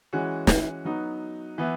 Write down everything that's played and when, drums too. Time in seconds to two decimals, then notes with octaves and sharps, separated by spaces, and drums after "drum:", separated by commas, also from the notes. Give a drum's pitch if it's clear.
0.13 E3 G#3 C#4 F#4
0.47 drum: snare
0.85 F#3 B3 D#4 F#4
1.58 E3 B3 E4